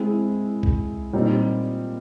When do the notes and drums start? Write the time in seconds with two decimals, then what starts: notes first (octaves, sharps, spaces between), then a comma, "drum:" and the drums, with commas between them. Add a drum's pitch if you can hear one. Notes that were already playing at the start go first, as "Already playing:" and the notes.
Already playing: G#3 C4 E4
0.63 drum: kick C2
1.13 A#2 G3 C4 D#4